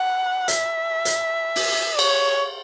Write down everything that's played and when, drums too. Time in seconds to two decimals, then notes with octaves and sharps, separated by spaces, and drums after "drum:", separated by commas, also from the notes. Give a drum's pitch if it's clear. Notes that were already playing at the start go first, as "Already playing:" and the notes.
Already playing: F#5
0.48 E5, drum: hi-hat
1.05 drum: hi-hat
1.56 drum: open hi-hat
1.99 C#5, drum: cymbal